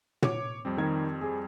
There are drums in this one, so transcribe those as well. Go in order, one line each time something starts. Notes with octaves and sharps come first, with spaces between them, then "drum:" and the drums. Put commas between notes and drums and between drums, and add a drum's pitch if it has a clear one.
C#5 D6, drum: tom
F2 G3 C4
D#3 A#4 G#6
G#4